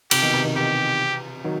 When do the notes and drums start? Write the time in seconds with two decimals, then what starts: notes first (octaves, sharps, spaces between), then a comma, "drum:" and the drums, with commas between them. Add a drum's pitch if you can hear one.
0.11 C3 G4, drum: cymbal
0.23 B2 D#3
0.34 C3
0.44 B2 D#3
0.56 C3 E3 G4
1.44 D#3 F#3